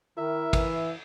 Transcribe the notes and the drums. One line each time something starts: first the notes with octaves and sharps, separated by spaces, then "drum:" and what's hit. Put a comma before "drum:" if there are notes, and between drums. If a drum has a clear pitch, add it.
D#3 E4 A#4 E5
E3, drum: kick, cymbal